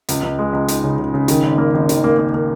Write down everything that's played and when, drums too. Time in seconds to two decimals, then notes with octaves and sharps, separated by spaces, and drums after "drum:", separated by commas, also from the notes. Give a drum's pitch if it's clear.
0.09 C#2, drum: hi-hat
0.23 C#2
0.38 G#3
0.53 C#2
0.68 D#4, drum: hi-hat
0.84 C#3
0.99 C#3
1.14 C#3
1.28 D#3, drum: hi-hat
1.43 G#1
1.58 A#3
1.74 G#1
1.89 D#3, drum: hi-hat
2.04 A#3
2.19 A#3
2.34 A#3